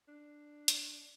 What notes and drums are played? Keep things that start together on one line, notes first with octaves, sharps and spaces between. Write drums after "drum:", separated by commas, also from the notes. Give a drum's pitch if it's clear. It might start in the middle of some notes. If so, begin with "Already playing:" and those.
D4
drum: hi-hat